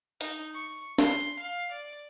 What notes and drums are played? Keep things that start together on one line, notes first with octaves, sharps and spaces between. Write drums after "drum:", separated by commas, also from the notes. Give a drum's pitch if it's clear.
D#4, drum: hi-hat
C#6
C6, drum: snare
F5
D5